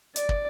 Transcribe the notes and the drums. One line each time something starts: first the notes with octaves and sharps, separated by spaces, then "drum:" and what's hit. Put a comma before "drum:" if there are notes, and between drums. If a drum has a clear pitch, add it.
D5, drum: hi-hat
drum: kick